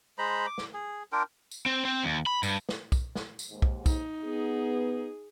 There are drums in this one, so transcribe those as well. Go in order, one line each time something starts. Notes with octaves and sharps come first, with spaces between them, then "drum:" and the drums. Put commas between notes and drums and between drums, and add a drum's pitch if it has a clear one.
G#3 C5 A#5 B5
D6
drum: snare
G#4
D4 F4 A#4 G5
drum: tambourine
C4
C4
D#2
B5
G2, drum: tambourine
drum: snare
drum: kick B1, tambourine
drum: snare
drum: tambourine
D#2 G#2
drum: kick B1
D#4, drum: kick B1, tambourine
B3 G#4